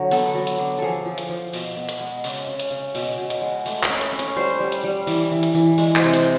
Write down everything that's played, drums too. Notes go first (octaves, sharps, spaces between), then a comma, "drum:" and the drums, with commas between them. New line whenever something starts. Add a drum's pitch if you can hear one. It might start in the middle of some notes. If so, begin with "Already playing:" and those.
Already playing: D3 F#3
B3 A4, drum: open hi-hat
F#3
drum: hi-hat
D4
F3 G#4 A4
F3
drum: hi-hat
F3
B2, drum: open hi-hat
B3
drum: hi-hat
G#3
C#3, drum: open hi-hat
C#3
drum: hi-hat
C#3
B2, drum: open hi-hat
B2
drum: hi-hat
G#3
A3, drum: open hi-hat
B4, drum: clap
C#4
drum: hi-hat
C#4
C#5, drum: hi-hat
G3 C5
G3
drum: hi-hat
G3
E3, drum: open hi-hat
E3
drum: hi-hat
E3
G#3, drum: open hi-hat
C5, drum: clap
C3
C5, drum: hi-hat